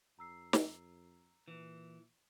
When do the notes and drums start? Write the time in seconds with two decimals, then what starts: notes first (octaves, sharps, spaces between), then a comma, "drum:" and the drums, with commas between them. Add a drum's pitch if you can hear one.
0.19 F2 A#5 E6 C7
0.53 drum: snare
1.48 A#2 E3